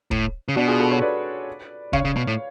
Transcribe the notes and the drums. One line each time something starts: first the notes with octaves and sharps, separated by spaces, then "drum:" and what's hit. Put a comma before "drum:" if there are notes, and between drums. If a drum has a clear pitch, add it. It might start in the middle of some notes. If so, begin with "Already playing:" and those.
A2, drum: kick
C#3
B2 D4 F#4
F4 G#4
F#4 A4
A4 C#5
B4 D5
C#3 C#5 F5, drum: kick
C#3
B2
A2